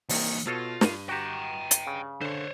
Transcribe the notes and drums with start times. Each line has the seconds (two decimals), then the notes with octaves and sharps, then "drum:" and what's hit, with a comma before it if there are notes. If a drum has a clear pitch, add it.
0.09 C2 D#3 E3 A#3, drum: open hi-hat
0.47 B2 F4 A4 C#5
0.81 G2 D#7, drum: snare
1.09 F#4 G4 G5 A#5
1.71 drum: hi-hat
1.87 C#3
2.21 D3 C5 C#5